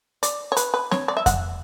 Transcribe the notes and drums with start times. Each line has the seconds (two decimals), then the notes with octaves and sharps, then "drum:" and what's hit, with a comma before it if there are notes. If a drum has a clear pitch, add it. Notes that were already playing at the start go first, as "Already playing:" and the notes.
0.23 D5, drum: hi-hat
0.52 C#5
0.57 B4, drum: hi-hat
0.74 B4
0.91 C#5, drum: snare C4
1.08 D5
1.17 E5
1.26 F#5, drum: kick F2, hi-hat